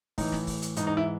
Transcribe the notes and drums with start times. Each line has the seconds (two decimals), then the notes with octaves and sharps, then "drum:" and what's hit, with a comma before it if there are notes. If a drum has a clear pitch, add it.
0.18 A2 E3 D#4, drum: kick, open hi-hat
0.32 drum: snare
0.47 drum: kick, open hi-hat
0.62 drum: hi-hat
0.76 G#2 E3 D#4, drum: hi-hat
0.87 D#4
0.97 E4